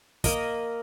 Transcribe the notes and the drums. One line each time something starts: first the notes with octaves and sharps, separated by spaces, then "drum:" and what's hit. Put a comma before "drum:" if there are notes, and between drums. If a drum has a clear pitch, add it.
A#3 A#4 D#5, drum: kick, hi-hat